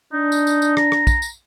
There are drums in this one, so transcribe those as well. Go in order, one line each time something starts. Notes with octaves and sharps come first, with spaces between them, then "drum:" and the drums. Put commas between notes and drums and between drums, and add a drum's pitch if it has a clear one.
D4 D#4
drum: tambourine
drum: tambourine
drum: tambourine
A#5, drum: rim click
drum: rim click
drum: kick, tambourine
drum: tambourine